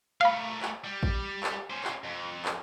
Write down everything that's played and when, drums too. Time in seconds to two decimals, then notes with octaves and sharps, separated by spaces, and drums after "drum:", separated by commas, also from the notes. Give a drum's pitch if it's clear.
0.21 A3 A#4 F5 B5
0.62 drum: clap
0.84 G3
1.03 drum: kick
1.43 drum: clap
1.70 C#4 C5
1.84 drum: clap
2.05 F2
2.45 drum: clap